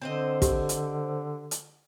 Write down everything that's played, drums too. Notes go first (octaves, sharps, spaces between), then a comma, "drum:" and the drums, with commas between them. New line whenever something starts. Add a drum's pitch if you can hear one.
D3 C4 C5 D#5
G4, drum: kick, hi-hat
drum: hi-hat
drum: hi-hat